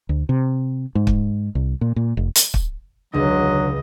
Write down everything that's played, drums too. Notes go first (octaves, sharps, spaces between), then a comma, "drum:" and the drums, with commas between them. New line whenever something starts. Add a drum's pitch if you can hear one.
D2
C3
G#2
drum: kick
C2
A#2
A#2
F1
drum: hi-hat
drum: kick
E1 C#2 D3 F#3 D#5